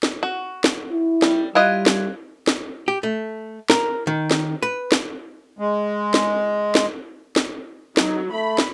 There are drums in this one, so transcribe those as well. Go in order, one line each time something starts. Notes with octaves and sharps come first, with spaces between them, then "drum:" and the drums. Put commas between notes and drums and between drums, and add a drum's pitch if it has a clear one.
drum: snare
F#4
drum: snare
E4
G3, drum: snare
G3 E4 F4 D#5 F5 F#6 G#6
drum: snare
drum: snare
G4
A3
A#4, drum: snare
D#3
drum: snare
B4
drum: snare
G#3
drum: snare
drum: snare
drum: snare
F#3 D#4, drum: snare
A3 B5
drum: snare